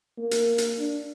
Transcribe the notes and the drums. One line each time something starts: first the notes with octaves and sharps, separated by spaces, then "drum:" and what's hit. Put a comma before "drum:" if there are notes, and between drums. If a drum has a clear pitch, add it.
A#3
drum: hi-hat
drum: hi-hat
D4